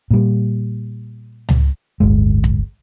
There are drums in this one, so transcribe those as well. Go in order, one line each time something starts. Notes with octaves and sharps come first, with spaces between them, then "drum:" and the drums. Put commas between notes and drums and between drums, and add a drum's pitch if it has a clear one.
A#2 G3
drum: tom C#2
D1 G1 G#3
drum: kick